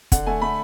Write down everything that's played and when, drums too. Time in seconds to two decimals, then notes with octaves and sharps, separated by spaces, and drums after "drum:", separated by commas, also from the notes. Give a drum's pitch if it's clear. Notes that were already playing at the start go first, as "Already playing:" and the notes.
0.12 D3 F#5, drum: kick, hi-hat
0.27 A3 G#5
0.42 A3 B5